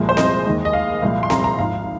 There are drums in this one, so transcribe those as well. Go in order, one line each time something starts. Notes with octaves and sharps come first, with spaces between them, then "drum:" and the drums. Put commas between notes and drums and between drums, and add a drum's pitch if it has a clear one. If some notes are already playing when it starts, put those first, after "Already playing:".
Already playing: C2 A#2 F3 G#3
C5
D#5, drum: snare C4
D#2 D#3 G#3
D#5
F5
C2 A#2 F3 G#3
C6
A#5, drum: snare C4
A#5
G#1 G#2 F3 F5